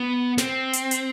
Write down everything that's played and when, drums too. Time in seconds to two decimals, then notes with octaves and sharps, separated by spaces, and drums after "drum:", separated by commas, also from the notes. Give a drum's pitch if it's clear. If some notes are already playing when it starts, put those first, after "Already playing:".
Already playing: B3
0.38 C4, drum: snare
0.73 drum: hi-hat
0.91 drum: hi-hat